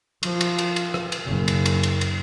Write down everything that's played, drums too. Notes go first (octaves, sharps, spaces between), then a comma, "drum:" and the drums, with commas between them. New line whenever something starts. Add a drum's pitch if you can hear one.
F3, drum: cymbal
drum: cymbal
drum: cymbal
drum: cymbal
drum: rim click
drum: cymbal
F#1
drum: cymbal
drum: cymbal
drum: cymbal
drum: cymbal